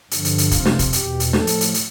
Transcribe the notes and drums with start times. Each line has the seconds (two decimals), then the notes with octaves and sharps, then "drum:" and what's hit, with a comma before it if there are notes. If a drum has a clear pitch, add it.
0.11 G2 D3 F3, drum: hi-hat
0.25 drum: hi-hat
0.38 drum: hi-hat
0.51 F2 C3 F3 F4, drum: kick, hi-hat
0.65 drum: snare
0.79 drum: kick, hi-hat
0.93 E2 B2 G4, drum: hi-hat
1.20 drum: hi-hat
1.33 A2 F3 A4, drum: snare
1.47 drum: hi-hat
1.61 drum: hi-hat
1.74 drum: hi-hat